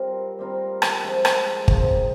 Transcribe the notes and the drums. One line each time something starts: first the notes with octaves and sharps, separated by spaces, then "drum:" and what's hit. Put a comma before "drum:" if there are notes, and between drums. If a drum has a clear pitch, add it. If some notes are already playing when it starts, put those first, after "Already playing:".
Already playing: G3 C4 F4 A#4
G3 C4 F4 A#4
drum: rim click
F3 G#3 C4 D#4
drum: rim click
F3 G#3 C4 D#4, drum: kick G1